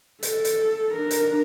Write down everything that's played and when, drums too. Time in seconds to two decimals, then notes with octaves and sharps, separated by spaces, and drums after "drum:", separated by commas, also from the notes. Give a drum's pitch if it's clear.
0.23 A4, drum: hi-hat
0.45 drum: hi-hat
0.94 D4 A#4
1.11 drum: hi-hat